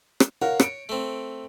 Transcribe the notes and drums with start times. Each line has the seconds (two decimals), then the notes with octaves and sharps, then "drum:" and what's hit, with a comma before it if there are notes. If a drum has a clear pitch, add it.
0.20 drum: rim click
0.42 A#4 C#5 F5 F#5
0.60 C#7 D7, drum: rim click
0.89 A3 C4